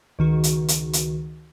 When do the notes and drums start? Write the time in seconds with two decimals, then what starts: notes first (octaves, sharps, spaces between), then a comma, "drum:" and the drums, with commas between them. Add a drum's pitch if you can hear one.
0.19 C#2 D#3 F#4
0.44 drum: hi-hat
0.68 drum: hi-hat
0.93 drum: hi-hat